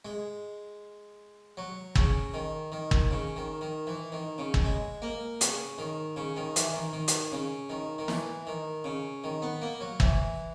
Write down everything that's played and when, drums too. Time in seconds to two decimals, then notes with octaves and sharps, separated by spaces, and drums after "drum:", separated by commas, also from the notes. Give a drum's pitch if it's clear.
0.05 G#3
1.57 F#3
1.95 C#3, drum: kick
2.34 D#3
2.72 D#3
2.91 drum: kick
3.11 C#3
3.36 D#3
3.61 D#3
3.87 E3
4.12 D#3
4.38 C#3
4.54 drum: kick
4.65 G#3
5.02 A#3
5.41 C#3, drum: hi-hat
5.78 D#3
6.16 C#3
6.36 D#3
6.56 E3, drum: hi-hat
6.74 D#3
6.93 D#3
7.08 drum: hi-hat
7.32 C#3
7.70 D#3
7.98 D#3
8.08 E3, drum: snare
8.47 D#3
8.84 C#3
9.24 D#3
9.42 B3
9.62 A#3
9.81 F#3
10.00 E3, drum: kick